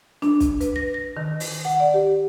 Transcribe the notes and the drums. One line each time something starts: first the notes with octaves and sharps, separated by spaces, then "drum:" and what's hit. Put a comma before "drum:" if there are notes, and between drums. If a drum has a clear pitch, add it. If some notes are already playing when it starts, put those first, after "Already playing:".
D4, drum: snare
drum: kick B1, hi-hat
B4, drum: hi-hat
A#6
A#6
D#3
drum: open hi-hat
F#5
D5
G4